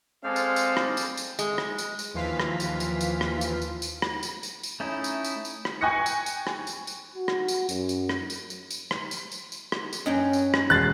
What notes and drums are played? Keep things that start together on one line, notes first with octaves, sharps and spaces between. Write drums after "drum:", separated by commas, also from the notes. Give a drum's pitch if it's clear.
G#3 C4 G#4 A4 D5 F5 G5
drum: tambourine
drum: tambourine
drum: rim click
drum: tambourine
drum: tambourine
G#3, drum: tambourine
drum: rim click
drum: tambourine
drum: tambourine
D#2 E3 F3 F4 F5 B6
drum: rim click
drum: tambourine
drum: tambourine
drum: tambourine
drum: rim click
drum: tambourine
drum: tambourine
drum: tambourine
drum: rim click
drum: tambourine
drum: tambourine
drum: tambourine
A3 C#4 D#4 E4
drum: tambourine
drum: tambourine
drum: tambourine
drum: rim click
G5 G#5 C#6 F#6 A#6 C#7
drum: tambourine
drum: tambourine
drum: rim click
drum: tambourine
drum: tambourine
F#4
drum: rim click
drum: tambourine
F#2, drum: tambourine
drum: tambourine
drum: rim click
drum: tambourine
drum: tambourine
drum: tambourine
drum: rim click
drum: tambourine
drum: tambourine
drum: tambourine
drum: rim click
drum: tambourine
F#2 F#3 C#4 D#5 G5
drum: tambourine
drum: rim click
E1 F#6 A6 C7